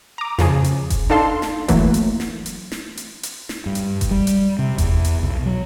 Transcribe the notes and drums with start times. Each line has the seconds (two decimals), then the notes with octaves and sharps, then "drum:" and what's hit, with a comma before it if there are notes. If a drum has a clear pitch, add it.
0.18 A#5 D6
0.39 F2 C#3 G#4, drum: snare
0.64 drum: hi-hat
0.90 drum: kick F1, hi-hat
1.10 D4 D#4 A4 F5 A5 C6
1.42 drum: snare
1.68 E3 F#3 A3 A#3, drum: kick F1, hi-hat
1.94 drum: hi-hat
2.20 drum: snare
2.46 drum: hi-hat
2.72 drum: snare
2.97 drum: hi-hat
3.23 drum: hi-hat
3.49 drum: snare
3.66 G2
3.75 drum: hi-hat
4.01 drum: kick F1, hi-hat
4.11 G3
4.27 drum: hi-hat
4.59 C3
4.78 E2, drum: kick F1, hi-hat
5.05 drum: hi-hat
5.23 B1
5.46 F#3